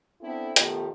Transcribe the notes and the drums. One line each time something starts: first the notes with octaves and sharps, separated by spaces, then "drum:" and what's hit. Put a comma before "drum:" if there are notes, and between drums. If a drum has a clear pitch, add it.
B3 C4 D4 E4 A4
B2 D#3 F3 A3 B3 G4, drum: hi-hat